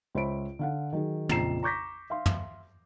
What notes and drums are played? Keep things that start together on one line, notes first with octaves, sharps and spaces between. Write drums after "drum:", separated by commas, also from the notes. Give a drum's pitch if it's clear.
C#2 C5 C#5 E5 B5 D7
D3 F5 F#5
D#3 F#3 G#4
A#1 F2 C#3 A#5 C7 E7, drum: tom
A#5 C#6 D6 G6 A#6 B6
E5 F5 C6
drum: tom